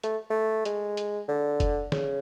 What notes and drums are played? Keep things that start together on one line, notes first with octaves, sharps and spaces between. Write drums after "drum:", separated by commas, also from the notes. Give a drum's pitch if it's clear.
A3, drum: hi-hat
A3
G#3, drum: hi-hat
drum: hi-hat
D3
drum: kick F1, hi-hat
C#3, drum: snare